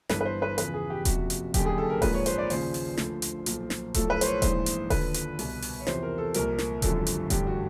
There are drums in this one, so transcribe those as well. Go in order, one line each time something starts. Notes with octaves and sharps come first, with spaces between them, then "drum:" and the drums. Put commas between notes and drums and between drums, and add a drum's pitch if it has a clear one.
G1 G2 E3 B4, drum: snare
B4
C5
B4
E2 C#3 F3 B4, drum: hi-hat
G#4
G4
F#1 F2 C3 F#4, drum: kick D#1, hi-hat
drum: hi-hat
F#1 F#2 D3 G4, drum: kick D#1, hi-hat
G#4
A4
A#4
A#1 G#2 F3 B4, drum: kick D#1, open hi-hat
C#5
C5, drum: hi-hat
D5
D#2 C#3 F3 C5, drum: open hi-hat
drum: open hi-hat
D2 D3 F3, drum: snare
drum: hi-hat
B1 A#2 F3, drum: hi-hat
drum: snare
B1 A2 F3 A4, drum: kick D#1, hi-hat
B4
C5, drum: hi-hat
C#5
A#1 G#2 E3 C5, drum: kick D#1, hi-hat
drum: hi-hat
D#2 D3 F3 B4, drum: kick D#1, open hi-hat
drum: hi-hat
C2 B2, drum: open hi-hat
drum: open hi-hat
C#5
E2 C3 F3 C5, drum: snare
A#4
A4
C2 A#2 F3 A#4, drum: hi-hat
drum: snare
G#1 F#2 D3 F3 A4, drum: kick D#1, hi-hat
drum: hi-hat
A1 G2 D3 G4, drum: kick D#1, hi-hat
F#4